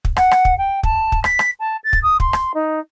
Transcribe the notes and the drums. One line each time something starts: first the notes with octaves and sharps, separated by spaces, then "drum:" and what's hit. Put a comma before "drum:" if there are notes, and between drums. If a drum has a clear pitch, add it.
drum: kick
F#5, drum: rim click
drum: rim click
drum: kick
G5
A5, drum: kick
drum: kick
B6, drum: rim click
drum: rim click
A5
A6
drum: kick
D#6
C6, drum: kick
drum: rim click
D#4